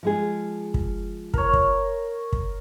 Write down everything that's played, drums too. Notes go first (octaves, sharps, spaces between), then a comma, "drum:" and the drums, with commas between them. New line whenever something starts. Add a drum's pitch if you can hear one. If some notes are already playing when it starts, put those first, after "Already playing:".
F3 G#3 G#4
drum: kick
A#4 C#5, drum: kick
drum: kick
drum: kick